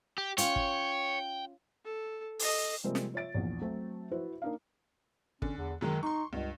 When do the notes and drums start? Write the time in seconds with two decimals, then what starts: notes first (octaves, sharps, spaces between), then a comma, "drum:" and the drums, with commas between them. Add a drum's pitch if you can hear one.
0.18 G4
0.38 C#4 F4 C#5 G5, drum: hi-hat
0.56 drum: kick
1.85 A4
2.39 A4 D#5, drum: open hi-hat
2.84 C3 F3 G3 G#3 A#3 C4
2.95 drum: snare
3.14 F4 C#5 E5 A6 D7
3.35 A#1 E2
3.61 F#3 A3 C4
4.11 E4 F#4 B4 C5 E5
4.42 A#3 D4 D#4 F5
5.42 D3 C#4, drum: kick
5.58 E2
5.81 F#2 D#3 F#3 G#3
6.03 D#4 C6 C#6
6.33 C#2 G2